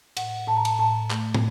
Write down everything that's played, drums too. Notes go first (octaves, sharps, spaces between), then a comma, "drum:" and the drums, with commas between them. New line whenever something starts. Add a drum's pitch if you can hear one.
A2 F#5, drum: cymbal
A2 A5
A#5
A5, drum: cymbal
A2 A5
A3, drum: clap
drum: tom